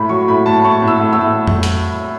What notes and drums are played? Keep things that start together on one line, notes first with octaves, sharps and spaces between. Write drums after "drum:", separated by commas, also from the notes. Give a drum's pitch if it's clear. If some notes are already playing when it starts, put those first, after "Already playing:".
Already playing: A2 B5
F#3 C#6
A2 B5
A2 A5
A2 C#6
A2
E6
A2
E6
A2
drum: tom F2
drum: hi-hat